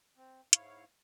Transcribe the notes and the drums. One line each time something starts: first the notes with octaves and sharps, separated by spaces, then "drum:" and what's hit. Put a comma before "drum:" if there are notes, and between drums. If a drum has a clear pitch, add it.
C4
G#2 E4 C#5 F5, drum: hi-hat